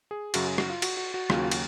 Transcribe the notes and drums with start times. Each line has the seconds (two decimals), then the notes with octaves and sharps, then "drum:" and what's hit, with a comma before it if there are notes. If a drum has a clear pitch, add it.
0.11 G#4
0.34 F#2 C#3 F#3 F#4, drum: cymbal
0.47 G#4
0.58 F#4, drum: rim click
0.70 F4
0.82 F#4, drum: cymbal
0.97 F#4
1.14 F#4
1.30 D#2 C#3 F#3 F4, drum: rim click
1.37 F#4
1.44 F4
1.51 F#4, drum: cymbal